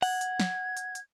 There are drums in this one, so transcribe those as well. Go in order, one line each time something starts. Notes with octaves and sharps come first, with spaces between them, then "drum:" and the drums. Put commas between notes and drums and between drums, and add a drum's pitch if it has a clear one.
F#5 G#6, drum: open hi-hat
drum: hi-hat
drum: snare
drum: hi-hat
drum: hi-hat